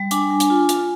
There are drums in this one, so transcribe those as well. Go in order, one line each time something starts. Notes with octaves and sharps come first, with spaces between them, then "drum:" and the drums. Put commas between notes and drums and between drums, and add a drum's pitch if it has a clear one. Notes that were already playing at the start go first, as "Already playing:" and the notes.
Already playing: G3
D4 G#5, drum: hi-hat
D4
drum: hi-hat
F4
F4, drum: hi-hat